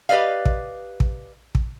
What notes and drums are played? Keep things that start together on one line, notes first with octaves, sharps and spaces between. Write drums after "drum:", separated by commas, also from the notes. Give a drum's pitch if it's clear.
G4 B4 D5 D#5 F5
drum: kick
drum: kick
drum: kick